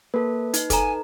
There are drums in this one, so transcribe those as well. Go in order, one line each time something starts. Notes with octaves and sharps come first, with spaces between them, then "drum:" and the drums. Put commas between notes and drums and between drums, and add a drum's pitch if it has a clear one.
A#3 A4 B4
D#4, drum: hi-hat
A4 G#5 A#5, drum: kick, hi-hat